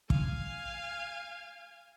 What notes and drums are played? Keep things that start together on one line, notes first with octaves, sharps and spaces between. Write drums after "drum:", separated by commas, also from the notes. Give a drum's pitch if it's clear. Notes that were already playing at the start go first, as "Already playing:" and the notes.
F5 G#5, drum: kick